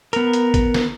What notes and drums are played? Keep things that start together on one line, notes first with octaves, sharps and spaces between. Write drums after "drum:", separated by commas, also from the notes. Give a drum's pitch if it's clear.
B3 A#4, drum: hi-hat
drum: hi-hat
drum: kick, hi-hat
drum: snare